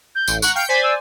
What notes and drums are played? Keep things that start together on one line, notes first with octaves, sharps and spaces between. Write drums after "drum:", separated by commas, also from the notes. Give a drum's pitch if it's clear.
G6
A1, drum: tambourine
F#5 A#5 C#6 F#6, drum: tambourine
F5 G5 G6 C#7
C5 D5 G#5 B6
E6